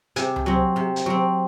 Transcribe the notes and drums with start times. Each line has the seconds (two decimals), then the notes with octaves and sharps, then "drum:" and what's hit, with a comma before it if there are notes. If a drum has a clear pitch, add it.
0.16 C3 G#5, drum: hi-hat
0.36 drum: tom C#2
0.46 F#3 C4
0.76 C3
0.96 drum: hi-hat
1.06 F#3 C4